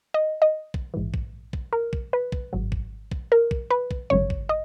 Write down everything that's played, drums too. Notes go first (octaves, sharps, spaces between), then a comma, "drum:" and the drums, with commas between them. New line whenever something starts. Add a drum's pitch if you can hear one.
D#5
D#5
drum: kick
A#1 G#2 E3
drum: kick
drum: kick
A#4
drum: kick
B4
drum: kick
G#1 G#2 F#3
drum: kick
drum: kick
A#4
drum: kick
B4
drum: kick
G#1 F#2 C#3 C#5
drum: kick
D#5